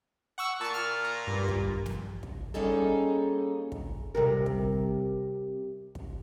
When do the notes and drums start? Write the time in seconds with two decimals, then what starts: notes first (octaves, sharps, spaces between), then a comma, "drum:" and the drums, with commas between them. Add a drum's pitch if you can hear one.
0.38 F#5 C#6 E6
0.61 A#2 A5 C#6
0.74 F6
1.04 A#5
1.27 G2
1.48 drum: kick
1.86 drum: snare
2.23 drum: kick
2.54 G3 A#3 C#4 D#4 G#4 A4
3.72 drum: kick
4.15 C3 G3 A#4
4.46 drum: kick
5.95 drum: kick